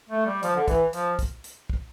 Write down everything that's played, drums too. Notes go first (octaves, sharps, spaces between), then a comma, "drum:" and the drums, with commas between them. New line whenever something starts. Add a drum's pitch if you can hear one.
A3
G3
F3, drum: hi-hat
D3
E3, drum: kick, hi-hat
F3, drum: hi-hat
drum: kick, hi-hat
drum: hi-hat
drum: kick